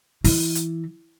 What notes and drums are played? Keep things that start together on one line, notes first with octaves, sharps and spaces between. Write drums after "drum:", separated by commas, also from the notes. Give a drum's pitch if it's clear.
E3, drum: open hi-hat
drum: hi-hat